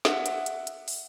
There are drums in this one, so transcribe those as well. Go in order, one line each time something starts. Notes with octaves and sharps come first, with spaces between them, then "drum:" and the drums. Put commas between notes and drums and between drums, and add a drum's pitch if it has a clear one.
E5 F#5, drum: snare
drum: hi-hat
drum: hi-hat
drum: hi-hat
drum: open hi-hat